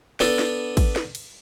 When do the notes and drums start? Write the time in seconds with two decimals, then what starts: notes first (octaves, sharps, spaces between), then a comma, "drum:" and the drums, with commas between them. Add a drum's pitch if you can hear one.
0.20 B3 D4 A4 D5, drum: snare
0.39 drum: snare
0.77 drum: kick, cymbal
0.96 drum: snare
1.15 drum: cymbal